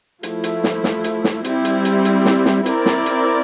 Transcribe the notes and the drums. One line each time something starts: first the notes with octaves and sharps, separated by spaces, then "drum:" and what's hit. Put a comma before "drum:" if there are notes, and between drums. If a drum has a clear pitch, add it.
F3 A3 E4, drum: hi-hat
drum: hi-hat
drum: snare
drum: snare
drum: hi-hat
drum: snare
G3 C4 E4, drum: hi-hat
drum: hi-hat
drum: hi-hat
drum: hi-hat
drum: snare
drum: snare
C4 E4 A#4 D5, drum: hi-hat
drum: snare
drum: hi-hat